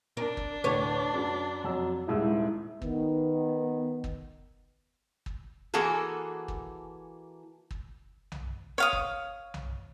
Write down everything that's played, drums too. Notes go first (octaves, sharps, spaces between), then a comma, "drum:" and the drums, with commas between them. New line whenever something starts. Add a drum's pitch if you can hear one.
D4 A#4
drum: kick
D2 A2 B4 C#5
F#2 F#3
F2 F#3 A#5 E6
D#1 G#2 E4 E6
D#3 B3, drum: kick
drum: kick
drum: kick
E3 A#3 F#4 G#4 A4
drum: kick
drum: kick
drum: tom B1
C#5 F5 D#6
drum: kick
drum: tom B1